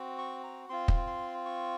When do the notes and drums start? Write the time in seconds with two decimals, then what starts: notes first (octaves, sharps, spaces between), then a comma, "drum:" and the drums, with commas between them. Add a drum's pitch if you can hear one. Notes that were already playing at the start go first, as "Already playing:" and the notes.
Already playing: C4 F#4
0.18 C#6
0.44 A#5
0.69 C4 F4 C6
0.88 drum: kick
1.07 C6
1.46 C#6